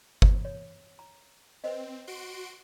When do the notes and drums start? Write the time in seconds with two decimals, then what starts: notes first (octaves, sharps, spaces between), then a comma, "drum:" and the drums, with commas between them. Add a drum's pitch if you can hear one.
0.22 drum: kick G1
0.45 C#5
0.99 A#5
1.64 C4 B4 C5 D#5
2.07 F#4 C6 D7